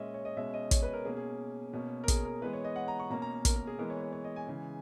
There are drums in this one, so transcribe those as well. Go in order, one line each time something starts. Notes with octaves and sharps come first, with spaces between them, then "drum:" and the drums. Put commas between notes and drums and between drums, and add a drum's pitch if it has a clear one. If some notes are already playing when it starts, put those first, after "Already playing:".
Already playing: A#2 G#3 C#4 D#5 E5
C#5
D#5
B2 G#3 C#4 E5
D#5
C#5, drum: kick, hi-hat
B4
A#4
B2 A#3 C#4 G#4
G#4
B2 A#3 C#4
A#4
G#4, drum: kick, hi-hat
A#4
E3 G#3 B3 B4
C#5
D#5
F#5
A#5
C#6
B2 A#3 C#4 A#5
A#5
A#4, drum: kick, hi-hat
A#4
G#4
E3 G#3 B3 A#4
C#5
C#5
C#5
D#5
G#5
C#3 E3 G#3